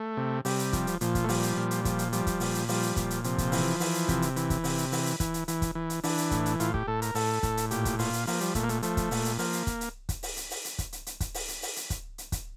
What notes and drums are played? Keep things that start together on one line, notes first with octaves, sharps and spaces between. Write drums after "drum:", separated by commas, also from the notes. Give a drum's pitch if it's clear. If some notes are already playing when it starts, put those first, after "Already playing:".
Already playing: A3
C3
C3 G3, drum: open hi-hat
drum: hi-hat
F3, drum: kick, hi-hat
drum: hi-hat
A#2 F3, drum: hi-hat
drum: kick, hi-hat
A3
F3 G3, drum: open hi-hat
drum: hi-hat
A#2
drum: hi-hat
F3, drum: kick, hi-hat
drum: hi-hat
F3 G3, drum: hi-hat
drum: kick, hi-hat
A#2, drum: open hi-hat
drum: hi-hat
F3 G3, drum: open hi-hat
drum: hi-hat
A#2, drum: kick, hi-hat
drum: hi-hat
C3 F3, drum: hi-hat
drum: kick, hi-hat
E3, drum: open hi-hat
E3, drum: open hi-hat
drum: hi-hat
C3, drum: kick, hi-hat
drum: hi-hat
E3, drum: hi-hat
drum: kick, hi-hat
C3, drum: open hi-hat
drum: hi-hat
E3, drum: open hi-hat
drum: hi-hat
E3, drum: kick, hi-hat
drum: hi-hat
E3, drum: hi-hat
drum: kick, hi-hat
E3
drum: hi-hat
E3 D4, drum: open hi-hat
drum: hi-hat
A2, drum: kick, hi-hat
drum: hi-hat
A2 F4, drum: hi-hat
G4, drum: kick
A2 A4
A#4, drum: hi-hat
A2 A4, drum: open hi-hat
A2, drum: kick, hi-hat
drum: hi-hat
A#2 G4, drum: hi-hat
drum: kick, hi-hat
A#2 F4, drum: open hi-hat
drum: hi-hat
F3 A#3, drum: open hi-hat
G3, drum: hi-hat
A#2 A3, drum: kick, hi-hat
A#3
A3, drum: hi-hat
F3 A3, drum: hi-hat
drum: kick, hi-hat
A#2, drum: open hi-hat
drum: hi-hat
F3 A#3, drum: open hi-hat
drum: hi-hat
drum: kick, hi-hat
drum: hi-hat
drum: kick, hi-hat
drum: open hi-hat
drum: hi-hat
drum: open hi-hat
drum: hi-hat
drum: kick, hi-hat
drum: hi-hat
drum: hi-hat
drum: kick, hi-hat
drum: open hi-hat
drum: hi-hat
drum: open hi-hat
drum: hi-hat
drum: kick, hi-hat
drum: hi-hat
drum: kick, hi-hat